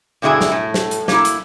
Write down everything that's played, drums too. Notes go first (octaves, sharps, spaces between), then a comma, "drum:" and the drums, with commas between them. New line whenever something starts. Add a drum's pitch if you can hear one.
G2 B2 D3 E4 G#4 G#5
drum: snare
A2
drum: snare
drum: hi-hat
A#3 E4, drum: snare
drum: hi-hat